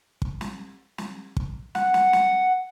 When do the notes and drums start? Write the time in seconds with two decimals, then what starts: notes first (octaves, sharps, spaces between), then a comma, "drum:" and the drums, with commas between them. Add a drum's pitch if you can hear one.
0.22 drum: kick
0.41 drum: snare
0.98 drum: snare
1.37 drum: kick
1.75 F#5, drum: snare
1.94 drum: snare
2.13 drum: snare